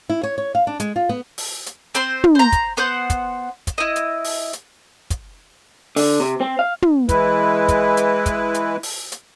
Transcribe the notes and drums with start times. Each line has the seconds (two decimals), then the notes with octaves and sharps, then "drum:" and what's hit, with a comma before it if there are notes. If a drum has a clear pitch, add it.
0.10 E4
0.23 C#5
0.38 C#5
0.55 F5
0.67 D4
0.80 G#3, drum: hi-hat
0.96 F4
1.09 B3
1.38 drum: open hi-hat
1.66 drum: hi-hat
1.95 C4 C5 C6, drum: hi-hat
2.24 drum: tom
2.35 C5 A#5
2.52 drum: kick, hi-hat
2.77 B3 C5 F#5 G6
3.10 drum: kick, hi-hat
3.67 drum: kick, hi-hat
3.78 E4 D#5
3.96 drum: hi-hat
4.24 drum: open hi-hat
4.53 drum: hi-hat
5.10 drum: kick, hi-hat
5.96 D3, drum: open hi-hat
6.20 C3
6.41 C4
6.59 F5
6.82 drum: tom
7.09 E3 G#3 E4 B4, drum: kick, hi-hat
7.68 drum: kick, hi-hat
7.97 drum: hi-hat
8.26 drum: kick, hi-hat
8.54 drum: hi-hat
8.83 drum: open hi-hat
9.12 drum: hi-hat